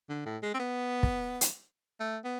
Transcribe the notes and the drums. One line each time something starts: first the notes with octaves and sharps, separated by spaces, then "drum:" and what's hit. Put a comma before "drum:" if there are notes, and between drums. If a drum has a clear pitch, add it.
D3
A2
G#3
C4
B3
drum: kick
drum: hi-hat
A3
B3